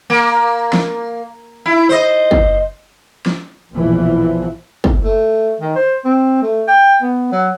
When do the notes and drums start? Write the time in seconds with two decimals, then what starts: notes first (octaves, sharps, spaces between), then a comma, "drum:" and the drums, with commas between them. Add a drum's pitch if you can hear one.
0.10 A#3
0.73 drum: snare
1.66 E4
1.89 C5 D#5
2.31 drum: kick
3.26 drum: snare
3.72 A#1 E2 B2 E3 F3
4.84 drum: kick
5.04 A3
5.61 D#3
5.76 C5
6.05 C4
6.42 A3
6.68 G5
7.02 B3
7.32 F#3